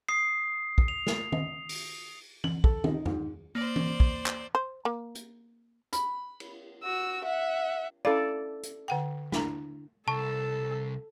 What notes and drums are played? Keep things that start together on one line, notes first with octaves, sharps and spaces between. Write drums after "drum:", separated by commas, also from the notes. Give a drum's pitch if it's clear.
D#6 C7
drum: kick
F7
drum: snare
drum: tom
drum: open hi-hat
F#7, drum: tom E3
A4, drum: kick
D#4, drum: tom
G#2, drum: tom F2
A#3 C5 D5
drum: tom E3
drum: kick
drum: clap
C5
A#3
drum: hi-hat
B5, drum: hi-hat
drum: cymbal
F#4 E6
E5 F#5
C#4 E4 A4 D5 F5
drum: hi-hat
D3 F#5 G5
D4 E4 A#5, drum: snare
C2 A4 A5 C#6